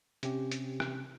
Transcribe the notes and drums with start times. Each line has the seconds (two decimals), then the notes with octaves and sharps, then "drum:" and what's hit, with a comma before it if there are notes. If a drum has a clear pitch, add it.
0.23 C3 C#4 G4, drum: hi-hat
0.52 drum: hi-hat
0.80 drum: rim click